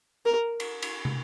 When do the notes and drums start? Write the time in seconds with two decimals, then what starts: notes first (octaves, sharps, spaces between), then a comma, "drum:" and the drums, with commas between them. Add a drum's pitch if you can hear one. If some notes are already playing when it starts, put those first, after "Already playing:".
0.26 A#4
0.60 drum: cymbal
0.82 drum: cymbal
1.05 drum: tom